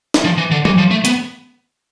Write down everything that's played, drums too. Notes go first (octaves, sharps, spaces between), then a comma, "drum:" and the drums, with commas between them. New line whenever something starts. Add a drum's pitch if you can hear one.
drum: snare
F3
E3
D3
E3, drum: tom F#3
F3
A3
B3, drum: hi-hat